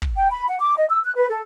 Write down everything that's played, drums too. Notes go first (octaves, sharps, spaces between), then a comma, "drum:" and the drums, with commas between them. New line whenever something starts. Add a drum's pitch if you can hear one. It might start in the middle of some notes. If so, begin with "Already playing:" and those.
drum: kick
G5
B5
F#5
D6
D#5
E6
F#6
B4
A4